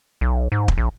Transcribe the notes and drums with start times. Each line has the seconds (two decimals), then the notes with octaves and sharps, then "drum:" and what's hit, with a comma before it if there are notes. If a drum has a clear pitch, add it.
0.21 B1
0.52 G#2
0.68 drum: kick
0.78 A#1